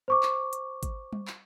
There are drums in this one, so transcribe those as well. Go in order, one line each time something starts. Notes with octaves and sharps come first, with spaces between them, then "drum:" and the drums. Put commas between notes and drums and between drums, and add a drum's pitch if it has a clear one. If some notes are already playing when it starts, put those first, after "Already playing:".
C5 C#6 D6
drum: clap
drum: hi-hat
drum: kick, hi-hat
drum: tom G3
drum: clap